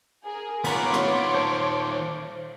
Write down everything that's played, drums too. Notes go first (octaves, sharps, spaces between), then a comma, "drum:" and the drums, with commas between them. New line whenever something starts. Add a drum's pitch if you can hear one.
G#4 A#4
D#3 B3 F4 C#5 A#5 C6 D6, drum: cymbal
drum: rim click
C5 A5